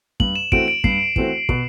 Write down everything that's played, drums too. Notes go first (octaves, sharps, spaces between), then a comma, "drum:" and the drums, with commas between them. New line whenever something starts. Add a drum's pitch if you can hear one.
G2 F#7, drum: kick
E7
E3 A3 C4 F#4 D7, drum: kick
D7
G2 C7, drum: kick
E3 A3 C4 F#4, drum: kick
B2, drum: kick